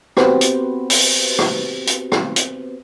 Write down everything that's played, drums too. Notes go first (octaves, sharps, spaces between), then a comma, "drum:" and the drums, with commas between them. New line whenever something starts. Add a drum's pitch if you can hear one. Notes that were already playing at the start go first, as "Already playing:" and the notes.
B3 C4 F#4 G4 B4 C5, drum: rim click
drum: hi-hat
drum: open hi-hat
drum: rim click
drum: hi-hat
drum: rim click
drum: hi-hat